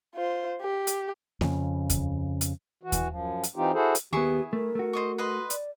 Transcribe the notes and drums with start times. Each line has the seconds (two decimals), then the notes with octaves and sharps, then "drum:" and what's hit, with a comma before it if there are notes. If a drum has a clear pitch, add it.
0.15 F4 C5
0.61 G4
0.87 drum: hi-hat
1.41 F2 C#3, drum: snare A#3
1.90 drum: kick D#2, hi-hat
2.41 drum: hi-hat
2.83 E3 F#4
2.92 drum: kick D#2, hi-hat
3.09 F#2 F3
3.44 drum: hi-hat
3.56 E3 C4 D#4 F4 G4
3.73 E4 F#4 G#4 A4 C5
3.95 drum: hi-hat
4.13 D#2 B3 E4 G4 G#4 C#6
4.53 A3 A#4
4.75 A3 F#4
4.93 C5 D#5 C#6
5.18 B4 D#5 C6
5.50 D5, drum: hi-hat